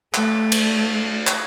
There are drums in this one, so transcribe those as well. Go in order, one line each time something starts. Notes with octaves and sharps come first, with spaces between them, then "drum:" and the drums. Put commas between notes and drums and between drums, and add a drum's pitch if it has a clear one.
A3, drum: clap
drum: cymbal
drum: clap